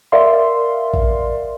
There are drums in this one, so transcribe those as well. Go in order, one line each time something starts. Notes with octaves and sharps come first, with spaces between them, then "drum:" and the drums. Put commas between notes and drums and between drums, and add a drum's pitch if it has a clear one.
A#4 D5 E5 F5 C6
drum: kick A1